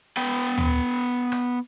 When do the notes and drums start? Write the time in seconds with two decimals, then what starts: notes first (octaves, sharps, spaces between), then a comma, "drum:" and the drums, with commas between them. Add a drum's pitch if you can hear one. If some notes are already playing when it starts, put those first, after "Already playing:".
0.17 B3 B4 G5
0.58 drum: tom
1.32 drum: rim click